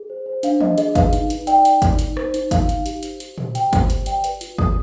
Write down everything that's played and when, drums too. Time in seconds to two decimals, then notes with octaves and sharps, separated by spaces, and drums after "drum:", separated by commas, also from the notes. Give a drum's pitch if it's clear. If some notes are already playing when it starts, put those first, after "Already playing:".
Already playing: G#4
0.10 C5
0.26 C5
0.43 D4 F5, drum: hi-hat
0.60 D4 D#5, drum: tom E3
0.78 G#4 D#5, drum: hi-hat
0.95 B4 F5, drum: kick, hi-hat
1.13 D#4, drum: hi-hat
1.30 D#4, drum: hi-hat
1.47 D5 G5, drum: hi-hat
1.65 D5, drum: hi-hat
1.82 D#4, drum: kick, hi-hat
1.99 D#4, drum: hi-hat
2.17 C5, drum: rim click
2.34 D#4, drum: hi-hat
2.51 D#4 F5, drum: kick, hi-hat
2.69 D#4, drum: hi-hat
2.86 G4, drum: hi-hat
3.03 C5, drum: hi-hat
3.20 G4, drum: hi-hat
3.38 C5, drum: tom A#2
3.55 G4 G5, drum: hi-hat
3.73 C5, drum: kick, hi-hat
3.90 G4, drum: hi-hat
4.06 D5 G5, drum: hi-hat
4.24 B4, drum: hi-hat
4.41 F4, drum: hi-hat
4.58 G#4 D#6, drum: kick